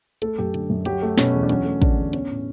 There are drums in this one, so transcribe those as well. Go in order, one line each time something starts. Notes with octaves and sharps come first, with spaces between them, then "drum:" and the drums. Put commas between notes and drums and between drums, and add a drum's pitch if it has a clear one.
A3 A4, drum: hi-hat
F#2 G4
D3, drum: hi-hat
F#2
F#3 G4, drum: hi-hat
A3
B2 C#4, drum: snare
E2
D4
F#3 C#4, drum: hi-hat
A3
D3 D4, drum: kick, hi-hat
E2
B3 C#4, drum: hi-hat
A2